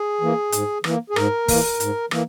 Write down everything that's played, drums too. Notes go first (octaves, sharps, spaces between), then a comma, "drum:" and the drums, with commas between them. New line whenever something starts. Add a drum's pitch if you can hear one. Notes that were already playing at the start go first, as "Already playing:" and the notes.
Already playing: G#4
E3 A#3
G#2, drum: hi-hat
E3 A#3, drum: rim click
G#4
G#2 A#4, drum: rim click
E3 A#3, drum: kick, open hi-hat
G#2, drum: hi-hat
E3 A#3, drum: rim click